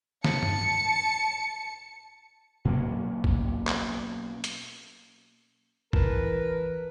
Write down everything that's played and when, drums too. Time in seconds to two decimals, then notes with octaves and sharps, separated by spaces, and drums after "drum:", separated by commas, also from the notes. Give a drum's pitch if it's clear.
0.24 A5 C#7, drum: snare
0.43 drum: tom G2
2.65 B2 F#3 A#3 C#4
3.24 drum: kick G#1
3.67 drum: clap
4.44 drum: hi-hat
5.93 E3 A#4 B4 A5, drum: kick G#1